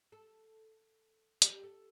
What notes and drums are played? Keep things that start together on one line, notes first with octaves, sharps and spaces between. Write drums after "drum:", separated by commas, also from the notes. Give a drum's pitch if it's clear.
A4
G4, drum: hi-hat
A4